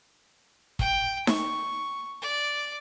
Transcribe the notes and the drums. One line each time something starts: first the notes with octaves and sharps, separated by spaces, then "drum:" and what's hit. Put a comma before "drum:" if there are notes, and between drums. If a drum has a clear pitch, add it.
G5, drum: kick
C#6, drum: snare D#4
D5